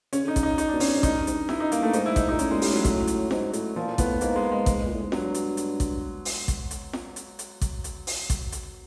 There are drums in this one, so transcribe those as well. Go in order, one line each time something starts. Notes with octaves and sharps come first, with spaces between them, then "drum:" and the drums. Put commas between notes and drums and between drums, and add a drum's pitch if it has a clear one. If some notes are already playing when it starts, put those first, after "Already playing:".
C#3 C#4, drum: hi-hat
D3 D#4
C#3, drum: kick A1, hi-hat
D#4
D#4, drum: hi-hat
D4
B2
C#4, drum: open hi-hat
B2
G#2
A2 D#4, drum: kick A1, hi-hat
G2
G#2, drum: hi-hat
G2
G2 E4, drum: snare
D#4
A#3, drum: hi-hat
A3
G#2 D#4, drum: hi-hat
E4
D#4, drum: kick A1, hi-hat
D#4
A#2
A2 C#4, drum: hi-hat
A#2 G#3
A2 G3, drum: open hi-hat
A2 F#3
drum: kick A1, hi-hat
drum: hi-hat
G#2, drum: snare
A2, drum: hi-hat
A#2 F3
A#2
A2 B3, drum: kick A1, hi-hat
G#2 A#3, drum: hi-hat
G#3
G#3
drum: kick A1, hi-hat
A#2
A2
G#2
G2 F#3, drum: snare
drum: hi-hat
drum: hi-hat
drum: kick A1, hi-hat
drum: open hi-hat
drum: kick A1, hi-hat
drum: hi-hat
drum: snare
drum: hi-hat
drum: hi-hat
drum: kick A1, hi-hat
drum: hi-hat
drum: open hi-hat
drum: kick A1, hi-hat
drum: hi-hat